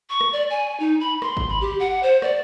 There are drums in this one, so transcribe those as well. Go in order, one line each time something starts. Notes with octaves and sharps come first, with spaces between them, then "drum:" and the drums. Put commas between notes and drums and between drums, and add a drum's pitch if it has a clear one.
C#6
drum: rim click
D5
G#5
D#4
B5
C6, drum: rim click
drum: kick G#1
B5
G4
F#5
C5
D5, drum: rim click